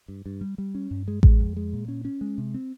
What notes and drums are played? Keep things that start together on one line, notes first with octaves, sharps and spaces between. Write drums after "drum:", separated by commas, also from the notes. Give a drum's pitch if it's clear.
G2
G2
G3
G3
C#4
G2
G#3
G#3, drum: kick A1
F2
G#3
A#2
C#4
C#4
G#3
C3
C4